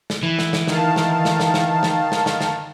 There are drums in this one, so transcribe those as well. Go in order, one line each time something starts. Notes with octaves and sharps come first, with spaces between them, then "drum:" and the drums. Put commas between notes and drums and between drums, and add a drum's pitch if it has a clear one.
drum: snare
E3
drum: snare
drum: snare
D#3 F5 A5, drum: snare
drum: snare
drum: snare
drum: snare
drum: snare
drum: snare
drum: snare
drum: snare
drum: snare